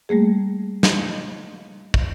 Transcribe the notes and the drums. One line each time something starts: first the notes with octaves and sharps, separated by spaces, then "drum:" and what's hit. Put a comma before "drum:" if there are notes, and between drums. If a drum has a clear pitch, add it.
G3 A3 A#3 G#4
drum: snare
drum: kick